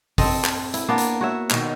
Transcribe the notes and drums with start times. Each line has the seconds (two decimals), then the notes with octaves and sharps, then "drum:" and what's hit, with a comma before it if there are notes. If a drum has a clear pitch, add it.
0.18 C4 A4 D#5, drum: kick G#1, open hi-hat
0.45 drum: clap
0.74 E4, drum: hi-hat
0.88 A#3 B3 D4 D5
0.98 drum: hi-hat
1.21 F#4 C#5 E5
1.51 B2 D#3, drum: clap